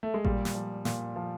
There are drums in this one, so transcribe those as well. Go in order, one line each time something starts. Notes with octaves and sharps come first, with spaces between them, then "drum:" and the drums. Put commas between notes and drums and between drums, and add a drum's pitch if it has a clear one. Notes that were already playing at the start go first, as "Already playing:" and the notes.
A3
G#3
A#2 G3, drum: kick A1
drum: snare
F3
A#2, drum: snare
F3